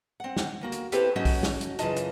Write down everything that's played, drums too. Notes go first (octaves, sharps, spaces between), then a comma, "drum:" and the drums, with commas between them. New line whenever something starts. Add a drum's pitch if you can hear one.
C4 F#5
drum: snare
D2 A#3 F#4
drum: hi-hat
C4 E4 G4 A4 B4 C5, drum: hi-hat
G#2 F#3 A3 C#4 F#4 D#5
drum: kick, open hi-hat
drum: snare
drum: hi-hat
F#2 C#3 E3 F4 D#5 A5, drum: hi-hat
drum: hi-hat